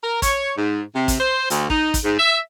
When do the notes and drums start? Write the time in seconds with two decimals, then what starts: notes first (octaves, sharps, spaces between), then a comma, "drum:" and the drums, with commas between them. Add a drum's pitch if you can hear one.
0.03 A#4
0.22 C#5, drum: kick, hi-hat
0.57 G#2
0.94 C3
1.08 drum: kick, hi-hat
1.19 C5
1.50 D2, drum: hi-hat
1.70 D#4, drum: kick
1.94 drum: kick, hi-hat
2.04 G#2
2.19 E5